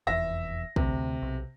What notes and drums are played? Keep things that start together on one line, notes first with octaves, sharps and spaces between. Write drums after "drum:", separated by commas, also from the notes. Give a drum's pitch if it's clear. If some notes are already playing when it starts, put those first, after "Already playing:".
F1 E2 E5 A#6
D2 C3, drum: kick
B1